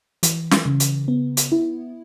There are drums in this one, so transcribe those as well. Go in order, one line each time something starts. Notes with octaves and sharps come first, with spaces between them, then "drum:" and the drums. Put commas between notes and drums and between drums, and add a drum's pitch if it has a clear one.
E3, drum: hi-hat
drum: snare
C#3
drum: hi-hat
B3
drum: hi-hat
E4